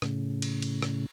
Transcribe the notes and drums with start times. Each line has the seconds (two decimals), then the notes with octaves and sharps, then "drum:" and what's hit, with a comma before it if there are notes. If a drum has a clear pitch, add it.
0.02 A2 C#3, drum: rim click
0.42 drum: cymbal
0.62 drum: cymbal
0.82 drum: rim click